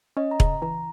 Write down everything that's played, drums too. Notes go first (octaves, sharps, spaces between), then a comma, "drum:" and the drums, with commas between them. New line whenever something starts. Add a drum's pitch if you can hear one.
C#4 D#5
A#5
C#3, drum: kick E1
A#5
E3 A#5